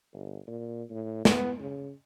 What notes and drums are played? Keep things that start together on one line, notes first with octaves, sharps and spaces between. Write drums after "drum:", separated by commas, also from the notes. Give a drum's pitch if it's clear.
G1
A#2
A2
B3, drum: snare
C#3